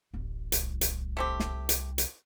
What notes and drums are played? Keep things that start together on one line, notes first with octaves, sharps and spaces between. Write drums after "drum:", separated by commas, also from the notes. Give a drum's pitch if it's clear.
D1 A1
C2, drum: hi-hat
drum: hi-hat
A3 C4 G4
drum: snare
drum: hi-hat
drum: hi-hat